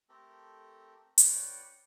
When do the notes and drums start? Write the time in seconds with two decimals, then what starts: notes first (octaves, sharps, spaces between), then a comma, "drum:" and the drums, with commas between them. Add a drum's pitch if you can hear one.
0.09 A3 C4 G4 A4 A#4
1.18 C#4 F#4 B4 D5 F#5 G5, drum: hi-hat